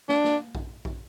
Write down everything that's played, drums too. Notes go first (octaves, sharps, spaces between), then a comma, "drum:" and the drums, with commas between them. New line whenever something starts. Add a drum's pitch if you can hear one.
D4, drum: snare
drum: snare
drum: kick A#1
drum: kick A#1